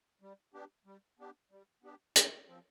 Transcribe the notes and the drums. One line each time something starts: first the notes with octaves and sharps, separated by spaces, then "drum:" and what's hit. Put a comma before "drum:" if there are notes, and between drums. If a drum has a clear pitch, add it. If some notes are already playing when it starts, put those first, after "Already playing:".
G3
B3 D4 G4
G3
B3 D4 G4
G3
B3 D4 G4
A2, drum: hi-hat
F3 C4